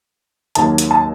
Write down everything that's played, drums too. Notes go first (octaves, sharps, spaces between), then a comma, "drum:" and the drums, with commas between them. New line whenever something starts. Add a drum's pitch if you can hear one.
D#2 D#3 F#3 A#3 A5, drum: hi-hat
drum: hi-hat
A5